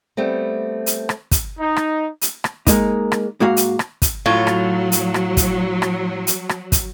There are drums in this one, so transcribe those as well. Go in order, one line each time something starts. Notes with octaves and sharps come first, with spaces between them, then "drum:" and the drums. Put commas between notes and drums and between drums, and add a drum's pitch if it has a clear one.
G3 A3 B3 C4
drum: hi-hat
drum: rim click
drum: kick, hi-hat
D#4
drum: rim click
drum: hi-hat
drum: rim click
G#3 A#3 D#4, drum: kick, hi-hat
drum: rim click
G#2 A#3 F#4 F5
drum: hi-hat
drum: rim click
drum: kick, hi-hat
A2 F#3 F4
drum: rim click
drum: hi-hat
drum: rim click
drum: kick, hi-hat
drum: rim click
drum: hi-hat
drum: rim click
drum: kick, hi-hat